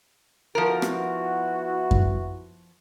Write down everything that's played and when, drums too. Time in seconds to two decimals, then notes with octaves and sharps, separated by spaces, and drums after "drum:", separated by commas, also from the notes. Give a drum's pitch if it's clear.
0.55 F3 B3 E4 F#4 A#4
0.82 drum: rim click
1.91 drum: kick F#2